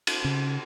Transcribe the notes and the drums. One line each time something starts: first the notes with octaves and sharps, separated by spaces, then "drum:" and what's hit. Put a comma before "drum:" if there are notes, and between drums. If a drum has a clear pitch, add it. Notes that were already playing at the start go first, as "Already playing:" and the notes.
drum: cymbal
C#3